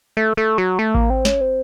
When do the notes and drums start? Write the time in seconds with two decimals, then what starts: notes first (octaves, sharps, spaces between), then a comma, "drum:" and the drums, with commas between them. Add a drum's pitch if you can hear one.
0.17 A3
0.37 A3
0.58 F#3
0.79 A3
0.94 A#3, drum: kick A1
1.10 C4
1.25 C#4, drum: snare
1.41 C4